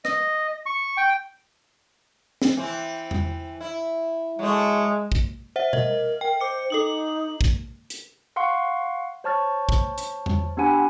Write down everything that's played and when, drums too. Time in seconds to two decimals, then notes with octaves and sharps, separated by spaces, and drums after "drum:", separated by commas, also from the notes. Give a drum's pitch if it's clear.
0.05 D#5, drum: rim click
0.66 C#6
0.97 G5
2.42 drum: snare
2.57 E3 C4
3.11 drum: tom E2
3.61 E4
4.39 F#3 G#3 A3
5.12 drum: kick A#1
5.56 C5 E5 F#5
5.73 A#4 D#5, drum: tom B2
6.21 G5
6.40 C5 D6 C#7
6.70 D#4 A4 D#6 F#7
7.41 drum: kick A#1
7.90 drum: hi-hat
8.36 F5 F#5 C6 C#6
9.24 C5 C#5 A5 C#6 F6 A6
9.69 drum: kick A#1
9.98 drum: hi-hat
10.26 drum: tom E2
10.57 B3 D4 G4 F#5 G#5 B5